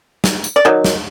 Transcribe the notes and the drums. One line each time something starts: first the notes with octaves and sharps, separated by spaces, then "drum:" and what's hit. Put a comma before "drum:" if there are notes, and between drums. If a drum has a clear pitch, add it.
drum: snare
drum: tambourine
D5
D#3 F#3
drum: snare